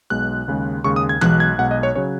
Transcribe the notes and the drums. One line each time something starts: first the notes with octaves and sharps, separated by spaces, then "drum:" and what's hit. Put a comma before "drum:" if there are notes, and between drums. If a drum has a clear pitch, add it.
B1 B2 G#3 F#6
D#2 C#3 G#3
D#2 C#3 G#3 C#6
D#6
G#6
B1 B2 G#3 F#6, drum: tom E3
G#6
B1 B2 G#3 F#5
D#5
C#5
C#3 F#3 C#5